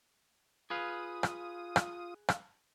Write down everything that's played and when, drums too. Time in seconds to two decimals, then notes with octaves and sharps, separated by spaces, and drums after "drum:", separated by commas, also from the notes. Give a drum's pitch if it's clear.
0.70 F4 G#4 B4 F5 D#6
1.23 drum: rim click
1.76 drum: rim click
2.28 drum: rim click